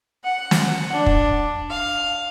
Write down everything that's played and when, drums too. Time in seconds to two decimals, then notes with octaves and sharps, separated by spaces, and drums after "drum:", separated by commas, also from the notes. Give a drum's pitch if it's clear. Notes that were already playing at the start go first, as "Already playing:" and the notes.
0.24 F#5
0.51 drum: snare
0.91 D4
1.06 drum: kick
1.69 F5